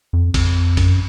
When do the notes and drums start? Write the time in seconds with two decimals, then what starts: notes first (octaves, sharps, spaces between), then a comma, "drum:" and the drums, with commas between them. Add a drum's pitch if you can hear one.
0.13 F2
0.34 F2, drum: kick, cymbal
0.77 F#2, drum: kick, cymbal